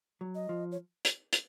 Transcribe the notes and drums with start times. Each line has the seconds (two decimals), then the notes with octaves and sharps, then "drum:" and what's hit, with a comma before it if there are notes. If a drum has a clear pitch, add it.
0.21 F#3
0.35 D#5
0.49 F3
0.72 C#5
1.05 drum: hi-hat
1.33 drum: hi-hat